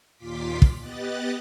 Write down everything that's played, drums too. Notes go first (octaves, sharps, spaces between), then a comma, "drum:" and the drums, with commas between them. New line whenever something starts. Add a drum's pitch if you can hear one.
D#2 A#2 F4 C6 D6 B6
drum: kick
B3 G4 D#5 F#6 A6